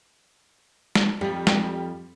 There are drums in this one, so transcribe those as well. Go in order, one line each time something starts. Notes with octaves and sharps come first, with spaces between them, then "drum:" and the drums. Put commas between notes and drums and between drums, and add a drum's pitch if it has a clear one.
drum: snare
F2 G3
drum: snare